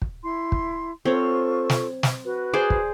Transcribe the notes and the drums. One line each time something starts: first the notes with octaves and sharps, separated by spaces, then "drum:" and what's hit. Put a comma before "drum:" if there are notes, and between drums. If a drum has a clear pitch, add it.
drum: kick
E4 C6
drum: kick
C4 F4 A4 C#5 C#6
drum: snare
drum: snare
F#4 B4
G#4 C5 D5
drum: kick